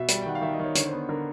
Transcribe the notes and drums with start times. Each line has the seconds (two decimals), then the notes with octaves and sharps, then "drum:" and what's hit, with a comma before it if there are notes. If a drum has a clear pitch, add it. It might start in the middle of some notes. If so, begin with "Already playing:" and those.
Already playing: B2 E5
0.08 G3, drum: hi-hat
0.21 G5
0.26 D#3 F#5
0.35 F5
0.42 D#3 E5
0.53 D#5
0.59 D#3 C#5
0.75 D3 C#5, drum: hi-hat
0.87 C5
0.93 B3
1.09 D3 A#4